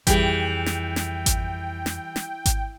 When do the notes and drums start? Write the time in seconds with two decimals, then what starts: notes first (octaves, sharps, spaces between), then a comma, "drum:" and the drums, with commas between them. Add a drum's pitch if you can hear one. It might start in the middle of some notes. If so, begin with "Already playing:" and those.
0.07 F2 E3 G3 G#4 G5, drum: kick G#1, hi-hat
0.66 drum: snare
0.96 drum: snare
1.26 drum: kick G#1, hi-hat
1.86 drum: snare
2.16 drum: snare
2.46 drum: kick G#1, hi-hat